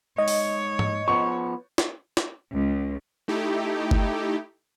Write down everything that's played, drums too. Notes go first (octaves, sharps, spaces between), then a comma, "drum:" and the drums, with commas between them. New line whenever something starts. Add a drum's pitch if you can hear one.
G#2 C#5 D#5
drum: open hi-hat
drum: tom G#2
F3 B3 C#6
drum: snare
drum: snare
C#2
A3 D#4 E4 G4
drum: kick F#1